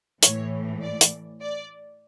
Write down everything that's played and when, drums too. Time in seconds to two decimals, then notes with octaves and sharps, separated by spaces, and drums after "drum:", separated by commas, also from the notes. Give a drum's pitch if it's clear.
0.23 A2 E3 C#5, drum: hi-hat
0.82 D5
1.01 drum: hi-hat
1.41 D5